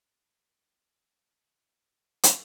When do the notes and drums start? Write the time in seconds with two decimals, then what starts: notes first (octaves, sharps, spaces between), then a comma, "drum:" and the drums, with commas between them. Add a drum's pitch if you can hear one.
0.01 G1 E4
0.56 G#3 B4
0.89 F#4
1.12 D5 D#5 F#5 C#6
1.74 E4 A4 A#4
2.23 drum: hi-hat